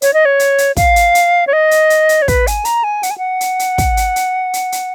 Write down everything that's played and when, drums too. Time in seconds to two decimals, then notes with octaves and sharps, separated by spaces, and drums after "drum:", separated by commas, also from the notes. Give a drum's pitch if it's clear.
0.02 C#5, drum: hi-hat
0.13 D#5
0.25 C#5
0.39 drum: hi-hat
0.58 drum: hi-hat
0.77 F5, drum: kick, hi-hat
0.96 drum: hi-hat
1.15 drum: hi-hat
1.47 C#5
1.53 D#5
1.71 drum: hi-hat
1.90 drum: hi-hat
2.09 drum: hi-hat
2.22 C#5
2.28 B4, drum: kick, hi-hat
2.47 G#5, drum: hi-hat
2.65 A#5, drum: hi-hat
2.84 G#5
3.03 F#5, drum: hi-hat
3.10 G#5
3.18 F#5
3.41 drum: hi-hat
3.59 drum: hi-hat
3.78 drum: kick, hi-hat
3.97 drum: hi-hat
4.16 drum: hi-hat
4.53 drum: hi-hat
4.72 drum: hi-hat